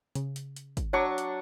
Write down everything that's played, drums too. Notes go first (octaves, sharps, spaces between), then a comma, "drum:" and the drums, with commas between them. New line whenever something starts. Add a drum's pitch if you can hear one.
C#3, drum: hi-hat
drum: hi-hat
drum: hi-hat
drum: kick, hi-hat
F#3 D4 C#5 C#6
drum: hi-hat